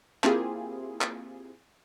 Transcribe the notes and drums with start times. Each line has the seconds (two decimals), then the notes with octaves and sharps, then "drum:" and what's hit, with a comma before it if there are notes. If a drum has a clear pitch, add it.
0.24 A#3 C4 E4 F4 G4 G#4, drum: clap
1.01 drum: clap